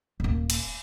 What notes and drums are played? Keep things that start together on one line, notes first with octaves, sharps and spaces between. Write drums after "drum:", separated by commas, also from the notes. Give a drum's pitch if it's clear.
D#1 A#3
drum: cymbal